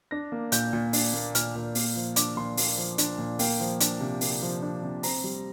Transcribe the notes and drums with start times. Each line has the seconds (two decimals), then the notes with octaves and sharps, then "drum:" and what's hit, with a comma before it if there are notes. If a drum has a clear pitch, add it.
0.11 D4 A#6
0.32 A#3
0.52 A#2 G6, drum: hi-hat
0.73 A#2
0.93 D4, drum: open hi-hat
1.13 A#3
1.35 A#2 F6, drum: hi-hat
1.55 A#2
1.75 A#3, drum: open hi-hat
1.96 F3
2.16 D4 D6, drum: hi-hat
2.37 A#2 C6
2.57 A#3, drum: open hi-hat
2.77 F3
2.98 D4, drum: hi-hat
3.18 A#2
3.39 A#3 G5, drum: open hi-hat
3.60 F3
3.80 D4, drum: hi-hat
4.01 C3
4.21 A#3, drum: open hi-hat
4.42 F3
4.62 D4
4.83 C3
5.03 C4 A#5, drum: open hi-hat
5.24 G3